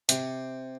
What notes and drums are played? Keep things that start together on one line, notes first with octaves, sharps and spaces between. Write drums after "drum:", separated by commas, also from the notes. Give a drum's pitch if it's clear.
C3, drum: hi-hat